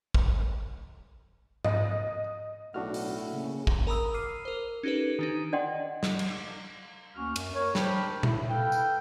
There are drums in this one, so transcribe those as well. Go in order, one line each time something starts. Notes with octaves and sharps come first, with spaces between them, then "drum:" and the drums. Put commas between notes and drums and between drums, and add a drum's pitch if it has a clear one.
drum: kick
D#5, drum: tom G#2
B1 A2 D4 F#4 F#5 F6
drum: open hi-hat
C#3 A#3
drum: kick
A#4 A#5 B5 D#6 E6
D6 F6 C7 D#7
A#4 C5
C#4 D#4 G4 A4 B4
D#3 D4 D#4
D4 D5 D#5 F#5 G5 C6
drum: snare
drum: cymbal
D2 A#3 C#4 F#4 F6
F#2, drum: cymbal
A#4 C#5
D4 A#4 C5 G5 B5, drum: snare
E4, drum: tom A#2
A4 B4 F5 G5
drum: tambourine